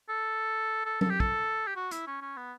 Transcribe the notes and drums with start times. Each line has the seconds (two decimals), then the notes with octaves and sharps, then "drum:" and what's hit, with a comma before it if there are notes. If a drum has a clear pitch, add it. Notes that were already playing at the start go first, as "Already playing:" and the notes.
0.09 A4
0.85 A4
1.01 A4, drum: tom F#3
1.10 G4
1.20 A4, drum: kick
1.67 G4
1.76 F#4
1.91 E4, drum: hi-hat
2.07 C#4
2.22 C#4
2.37 B3